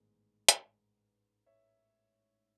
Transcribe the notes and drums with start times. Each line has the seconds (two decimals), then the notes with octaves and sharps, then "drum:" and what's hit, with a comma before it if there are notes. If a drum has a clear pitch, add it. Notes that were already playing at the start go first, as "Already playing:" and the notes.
Already playing: A1 G#2 D#3 G#3 B3
0.49 drum: hi-hat
1.46 C#5 E5